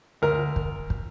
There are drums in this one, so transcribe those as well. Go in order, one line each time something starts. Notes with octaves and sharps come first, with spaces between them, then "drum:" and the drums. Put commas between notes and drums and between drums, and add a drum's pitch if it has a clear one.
D2 A#4
drum: kick
drum: kick